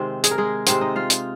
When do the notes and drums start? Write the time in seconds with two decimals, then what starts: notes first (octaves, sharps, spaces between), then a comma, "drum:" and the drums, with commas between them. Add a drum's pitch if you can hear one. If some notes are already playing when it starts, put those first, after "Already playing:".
Already playing: C3 D#3 G#3 C4
0.24 G#4, drum: hi-hat
0.31 A#4
0.38 G#3 G#4
0.67 C3 D#3 G#3 C4 D#4 C5, drum: hi-hat
0.81 D#4 D#5
0.96 F4 F5
1.10 drum: hi-hat